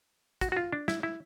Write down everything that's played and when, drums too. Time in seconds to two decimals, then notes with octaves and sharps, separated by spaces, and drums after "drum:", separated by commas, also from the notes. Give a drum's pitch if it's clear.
0.41 F#4, drum: kick, hi-hat
0.52 F#4
0.57 F4
0.73 D4
0.88 E4, drum: snare
1.03 E4